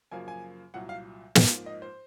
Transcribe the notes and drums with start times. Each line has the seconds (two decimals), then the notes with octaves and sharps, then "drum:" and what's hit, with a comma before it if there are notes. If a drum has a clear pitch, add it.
0.11 F#2 C#3 F3 A#3 G#5
0.28 G#5
0.74 C2 A#2 F#3 F#5
0.89 F5
1.35 G#2 F3 A#3, drum: snare
1.66 D#5
1.82 C5